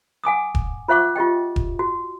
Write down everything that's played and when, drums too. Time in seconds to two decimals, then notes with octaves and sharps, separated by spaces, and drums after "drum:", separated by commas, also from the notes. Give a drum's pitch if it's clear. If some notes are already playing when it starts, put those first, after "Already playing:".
0.24 F#5 G#5 D6 D#6
0.55 drum: kick E1
0.88 F4 C5 E5 F#5 C#6 D6
1.16 F4 G4 D#5 G5
1.56 drum: kick E1
1.79 F#4